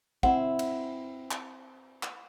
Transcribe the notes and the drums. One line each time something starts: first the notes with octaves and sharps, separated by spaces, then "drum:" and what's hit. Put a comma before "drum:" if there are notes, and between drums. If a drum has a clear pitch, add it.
C4 E4 F#5, drum: kick
drum: cymbal
drum: clap
drum: clap